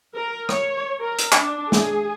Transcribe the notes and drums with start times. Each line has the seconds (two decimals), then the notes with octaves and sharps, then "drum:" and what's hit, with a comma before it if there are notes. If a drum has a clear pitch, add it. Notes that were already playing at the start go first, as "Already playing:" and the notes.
0.15 A#4
0.49 C#5, drum: rim click
0.98 A#4
1.19 drum: hi-hat
1.32 D4, drum: clap
1.72 G#4, drum: snare